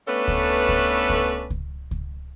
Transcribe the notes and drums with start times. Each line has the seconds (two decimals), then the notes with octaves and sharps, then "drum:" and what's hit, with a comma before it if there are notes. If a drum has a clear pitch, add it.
0.07 A3 B3 C#4 D4 A4 B4
0.28 drum: kick C#2
0.69 drum: kick C#2
1.09 drum: kick C#2
1.50 drum: kick C#2
1.91 drum: kick C#2